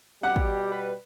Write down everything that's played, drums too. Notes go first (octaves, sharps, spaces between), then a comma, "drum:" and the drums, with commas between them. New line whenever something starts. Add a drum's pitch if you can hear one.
B2 G3 G4 F#5
drum: kick
B4